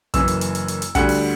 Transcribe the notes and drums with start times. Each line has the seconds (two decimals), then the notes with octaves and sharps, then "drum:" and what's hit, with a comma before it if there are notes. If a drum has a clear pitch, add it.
0.14 F#1 F#2 E3 E6, drum: kick, hi-hat
0.28 drum: hi-hat
0.41 drum: hi-hat
0.55 drum: hi-hat
0.68 drum: hi-hat
0.82 drum: hi-hat
0.95 D2 D3 G3 F#5, drum: kick, hi-hat
1.09 drum: open hi-hat